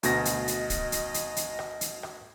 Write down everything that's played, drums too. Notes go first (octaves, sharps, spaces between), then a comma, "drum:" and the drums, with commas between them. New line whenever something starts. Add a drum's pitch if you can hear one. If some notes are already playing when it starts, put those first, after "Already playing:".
D2 B2 D#5 A#6, drum: hi-hat
drum: hi-hat
drum: hi-hat
drum: kick, hi-hat
drum: hi-hat
drum: hi-hat
drum: hi-hat
drum: rim click
drum: hi-hat
drum: rim click